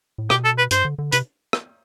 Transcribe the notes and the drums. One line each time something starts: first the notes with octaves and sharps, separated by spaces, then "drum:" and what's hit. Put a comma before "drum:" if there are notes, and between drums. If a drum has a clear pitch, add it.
A2
B2 G4, drum: rim click
A4
B4
G2 C5, drum: hi-hat
D3
D3
C3 B4, drum: hi-hat
drum: rim click